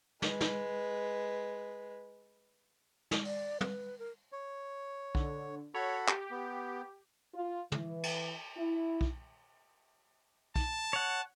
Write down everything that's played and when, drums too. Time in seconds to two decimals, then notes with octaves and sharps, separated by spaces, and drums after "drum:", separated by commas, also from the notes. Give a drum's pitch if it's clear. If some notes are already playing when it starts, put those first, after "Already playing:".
0.22 G#3 B4, drum: snare
0.41 drum: snare
3.11 drum: snare
3.25 D5, drum: open hi-hat
3.61 B4, drum: tom
3.99 A#4
4.32 C#5
5.15 D3, drum: kick B1
5.74 F#4 A4 C#5 B5
6.08 G4, drum: clap
6.31 B3
7.34 F4
7.72 E3, drum: tom
8.03 drum: cymbal
8.56 E4
9.01 drum: kick B1
10.56 A5, drum: kick B1
10.93 C#5 F#5